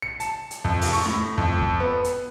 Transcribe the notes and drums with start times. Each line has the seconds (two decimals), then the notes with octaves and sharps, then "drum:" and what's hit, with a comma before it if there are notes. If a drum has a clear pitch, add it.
0.02 C#7
0.20 A5, drum: hi-hat
0.51 drum: hi-hat
0.64 F2
0.81 drum: open hi-hat
0.93 C#6
1.06 A2
1.38 F2
1.58 drum: kick
1.80 B3
2.04 drum: hi-hat